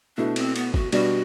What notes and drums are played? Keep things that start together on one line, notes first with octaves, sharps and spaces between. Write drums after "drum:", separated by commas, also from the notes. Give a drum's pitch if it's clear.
B2 A3 D4 E4
C4, drum: cymbal
B3, drum: cymbal
F#4, drum: kick
B2 G3 D4 F#4, drum: cymbal